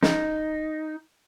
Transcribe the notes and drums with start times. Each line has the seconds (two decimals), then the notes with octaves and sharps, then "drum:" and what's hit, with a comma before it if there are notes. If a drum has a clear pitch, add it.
0.03 D#4, drum: snare